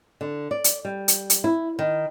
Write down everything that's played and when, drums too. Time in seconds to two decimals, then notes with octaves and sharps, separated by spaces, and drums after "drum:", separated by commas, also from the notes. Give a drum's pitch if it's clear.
0.21 D3
0.51 D5
0.64 drum: hi-hat
0.85 G3
1.08 drum: hi-hat
1.30 drum: hi-hat
1.44 E4
1.79 D#3